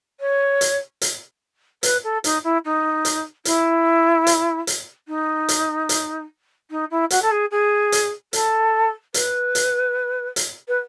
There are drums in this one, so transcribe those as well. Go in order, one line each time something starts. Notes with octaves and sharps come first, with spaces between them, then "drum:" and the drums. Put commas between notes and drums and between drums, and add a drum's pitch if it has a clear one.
C#5
drum: hi-hat
drum: hi-hat
B4, drum: hi-hat
A4
D#4, drum: hi-hat
E4
D#4
drum: hi-hat
E4, drum: hi-hat
drum: hi-hat
drum: hi-hat
D#4
drum: hi-hat
drum: hi-hat
D#4
E4
F#4, drum: hi-hat
A4
G#4
G#4
drum: hi-hat
A4, drum: hi-hat
B4, drum: hi-hat
drum: hi-hat
drum: hi-hat
B4